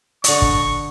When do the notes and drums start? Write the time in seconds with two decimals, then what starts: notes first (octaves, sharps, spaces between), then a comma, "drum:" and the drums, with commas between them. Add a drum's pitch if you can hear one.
0.24 D3 D#5 C#6, drum: hi-hat
0.42 drum: kick G1